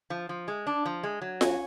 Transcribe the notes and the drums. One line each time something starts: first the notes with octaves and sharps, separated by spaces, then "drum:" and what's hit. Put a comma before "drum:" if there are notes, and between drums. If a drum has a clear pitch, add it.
F3
F3
G#3
D4
F3
G#3
F#3
C#4, drum: snare F4